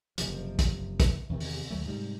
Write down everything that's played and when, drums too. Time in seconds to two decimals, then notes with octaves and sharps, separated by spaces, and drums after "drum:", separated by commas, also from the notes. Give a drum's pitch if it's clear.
0.18 F#1 C3 F3, drum: hi-hat
0.59 drum: kick, hi-hat
1.00 drum: kick, hi-hat
1.29 E2 C3 D#3
1.40 drum: open hi-hat
1.70 D2 F#3 A3
1.85 G#2 C3 G3